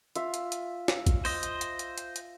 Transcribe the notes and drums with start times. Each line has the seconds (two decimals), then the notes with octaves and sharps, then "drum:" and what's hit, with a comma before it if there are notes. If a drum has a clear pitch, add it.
0.15 F4 E5, drum: hi-hat
0.34 drum: hi-hat
0.52 drum: hi-hat
0.88 drum: snare
1.06 drum: kick A1, hi-hat
1.25 C5 D#5, drum: open hi-hat
1.43 drum: hi-hat
1.61 drum: hi-hat
1.79 drum: hi-hat
1.98 drum: hi-hat
2.16 drum: hi-hat